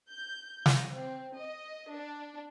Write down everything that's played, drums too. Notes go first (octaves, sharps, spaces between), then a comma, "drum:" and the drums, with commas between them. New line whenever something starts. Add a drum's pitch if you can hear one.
G6
drum: snare
C4
D#5
D4